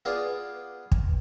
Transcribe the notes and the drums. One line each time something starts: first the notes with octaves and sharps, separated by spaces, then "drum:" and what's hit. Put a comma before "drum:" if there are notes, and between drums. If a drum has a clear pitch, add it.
B3 F4 G#4 D5
drum: kick